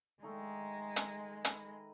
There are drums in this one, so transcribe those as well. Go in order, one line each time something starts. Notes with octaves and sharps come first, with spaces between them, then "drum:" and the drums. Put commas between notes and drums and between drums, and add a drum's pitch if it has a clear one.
D#3 G#3 A3 D#4
drum: hi-hat
B4, drum: hi-hat